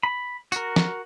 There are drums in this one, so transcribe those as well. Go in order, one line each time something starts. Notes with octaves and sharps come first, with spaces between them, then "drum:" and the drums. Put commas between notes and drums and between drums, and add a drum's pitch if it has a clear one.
B5
F#4 A#4, drum: tambourine
drum: snare